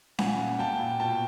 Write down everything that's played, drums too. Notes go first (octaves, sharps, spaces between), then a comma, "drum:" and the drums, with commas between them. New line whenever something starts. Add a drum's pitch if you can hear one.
A#2 F#5 G#5, drum: snare C#4
A#2
A#2 G5 A5
A#2
B2 G5 A5